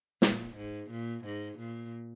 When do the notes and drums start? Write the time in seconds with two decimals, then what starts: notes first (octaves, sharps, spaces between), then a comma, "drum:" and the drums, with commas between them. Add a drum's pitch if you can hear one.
0.22 A#2, drum: snare
0.56 G#2
0.91 A#2
1.25 G#2
1.59 A#2